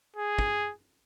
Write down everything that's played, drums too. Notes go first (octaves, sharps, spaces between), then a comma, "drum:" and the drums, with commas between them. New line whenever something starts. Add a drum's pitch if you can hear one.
G#4
drum: kick